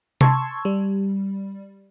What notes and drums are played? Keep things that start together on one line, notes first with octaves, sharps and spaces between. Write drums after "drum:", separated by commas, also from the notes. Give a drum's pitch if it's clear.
A5 C6 C#6 E6 G#6, drum: tom C3
G3